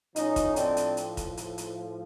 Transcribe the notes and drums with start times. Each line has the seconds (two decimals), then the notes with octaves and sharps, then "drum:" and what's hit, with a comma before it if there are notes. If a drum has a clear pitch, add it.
0.16 A2 F3 A3 C#4 D#4, drum: hi-hat
0.36 drum: kick, hi-hat
0.56 C4 D4, drum: hi-hat
0.77 drum: hi-hat
0.97 drum: hi-hat
1.17 drum: kick, hi-hat
1.37 drum: hi-hat
1.58 drum: hi-hat